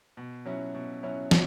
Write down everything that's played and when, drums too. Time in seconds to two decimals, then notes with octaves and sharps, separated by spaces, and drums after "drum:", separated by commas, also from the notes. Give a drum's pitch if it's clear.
0.17 B2
0.45 F#3 C#4 E4
0.75 B2
1.03 F#3 C#4 E4
1.31 B2, drum: snare